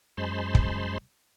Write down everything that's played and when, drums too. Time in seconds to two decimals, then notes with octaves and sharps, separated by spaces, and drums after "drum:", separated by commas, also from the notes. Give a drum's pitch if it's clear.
0.17 F#2 G#3 C5 A5 B5 C6
0.55 drum: kick